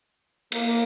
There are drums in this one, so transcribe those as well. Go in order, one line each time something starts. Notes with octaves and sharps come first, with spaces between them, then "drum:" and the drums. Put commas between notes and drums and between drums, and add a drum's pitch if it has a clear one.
A#3, drum: cymbal